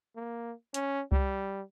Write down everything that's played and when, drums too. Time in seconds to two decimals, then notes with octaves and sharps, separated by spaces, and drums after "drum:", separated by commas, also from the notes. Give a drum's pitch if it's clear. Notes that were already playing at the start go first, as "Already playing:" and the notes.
0.16 A#3
0.74 C#4, drum: hi-hat
1.12 G3, drum: kick C2